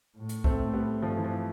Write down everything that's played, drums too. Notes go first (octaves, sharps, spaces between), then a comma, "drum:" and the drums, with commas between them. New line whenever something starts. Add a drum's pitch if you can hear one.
A2
drum: hi-hat
A3 C4, drum: kick B1
A3
G3 B3
G2 F3 A3
E3
F3